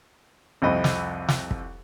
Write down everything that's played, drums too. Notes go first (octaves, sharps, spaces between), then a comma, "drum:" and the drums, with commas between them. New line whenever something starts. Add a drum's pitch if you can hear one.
C2 F2 D#5 B5
drum: snare
drum: snare
drum: kick